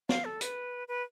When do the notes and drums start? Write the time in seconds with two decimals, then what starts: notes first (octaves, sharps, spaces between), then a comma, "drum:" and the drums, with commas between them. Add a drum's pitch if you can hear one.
0.09 F5, drum: snare
0.25 A4
0.41 B4, drum: hi-hat
0.88 B4